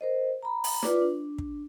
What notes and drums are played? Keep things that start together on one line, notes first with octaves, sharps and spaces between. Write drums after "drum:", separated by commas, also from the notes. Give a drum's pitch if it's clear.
A#4 C5 D#5
A#5 B5
drum: open hi-hat
F4 B4 D5 D6, drum: snare
D4
drum: kick